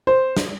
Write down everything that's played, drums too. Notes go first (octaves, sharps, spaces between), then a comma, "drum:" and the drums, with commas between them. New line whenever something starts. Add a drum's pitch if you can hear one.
C5
drum: snare